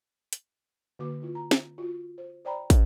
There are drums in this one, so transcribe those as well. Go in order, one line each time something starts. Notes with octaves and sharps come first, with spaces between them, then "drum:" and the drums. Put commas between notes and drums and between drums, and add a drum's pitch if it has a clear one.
drum: hi-hat
D3 A#3 F#4 B4 D6
E4 F4
A#5
drum: snare
F4 F#4
C5
C5 D5 G5 A#5 B5
drum: kick, hi-hat